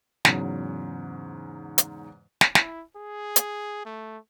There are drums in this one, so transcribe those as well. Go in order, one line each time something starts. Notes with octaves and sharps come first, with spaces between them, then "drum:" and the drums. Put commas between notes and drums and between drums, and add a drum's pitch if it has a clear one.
E2 G#2 C#3 F#3, drum: snare
drum: hi-hat
drum: snare
E4, drum: snare
G#4
drum: hi-hat
A3